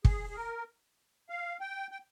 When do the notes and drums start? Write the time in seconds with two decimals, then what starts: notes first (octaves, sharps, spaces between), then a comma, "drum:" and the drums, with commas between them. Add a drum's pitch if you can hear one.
0.05 G#4, drum: kick
0.30 G#4
0.36 A#4
1.29 F5
1.60 G5
1.91 G5